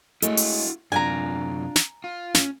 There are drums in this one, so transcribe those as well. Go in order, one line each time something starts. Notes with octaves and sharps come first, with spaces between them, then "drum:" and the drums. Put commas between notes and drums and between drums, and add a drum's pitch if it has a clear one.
G#3 A3 E4 F#4 C#5, drum: hi-hat
drum: open hi-hat
F#2 C3 D4 F4 G#5 A#5
drum: snare
F4
C#4, drum: snare